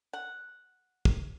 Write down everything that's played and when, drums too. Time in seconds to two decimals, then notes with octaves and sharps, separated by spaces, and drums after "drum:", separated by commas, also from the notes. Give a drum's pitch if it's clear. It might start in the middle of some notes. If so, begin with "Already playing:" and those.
0.13 F#5
1.05 drum: kick